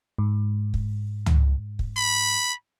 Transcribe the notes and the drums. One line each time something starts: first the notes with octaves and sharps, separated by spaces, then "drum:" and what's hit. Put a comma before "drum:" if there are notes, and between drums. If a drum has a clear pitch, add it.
G#2
drum: kick
drum: tom C#2
drum: kick
B5